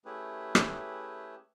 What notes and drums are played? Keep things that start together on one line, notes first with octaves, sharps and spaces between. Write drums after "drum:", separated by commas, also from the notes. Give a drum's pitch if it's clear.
A3 C#4 E4 G4 G#4 B4
drum: rim click